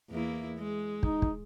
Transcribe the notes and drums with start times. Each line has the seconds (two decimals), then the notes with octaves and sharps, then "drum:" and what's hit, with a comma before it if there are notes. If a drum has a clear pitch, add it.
0.10 E2 A#3 E4
0.58 G#3
1.03 D#4, drum: kick
1.22 drum: kick